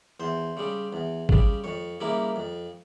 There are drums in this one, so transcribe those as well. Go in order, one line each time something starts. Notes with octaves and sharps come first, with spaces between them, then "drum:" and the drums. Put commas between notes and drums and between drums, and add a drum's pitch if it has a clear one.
E2 C5
C#3 G3
E2
C#3 G3, drum: kick G#1
F2 C#5
C#3 G3 A#3 E4
F2